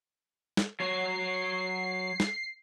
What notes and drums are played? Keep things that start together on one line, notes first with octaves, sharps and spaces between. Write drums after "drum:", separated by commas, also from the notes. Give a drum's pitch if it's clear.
drum: snare
F#3 C#5 C7
drum: snare